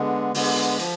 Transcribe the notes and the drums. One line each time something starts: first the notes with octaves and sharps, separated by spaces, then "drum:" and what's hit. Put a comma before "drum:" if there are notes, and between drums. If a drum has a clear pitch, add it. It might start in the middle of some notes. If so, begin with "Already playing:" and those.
Already playing: D3 G#3 B3
D3 G#3 B3, drum: open hi-hat
drum: hi-hat
F3, drum: hi-hat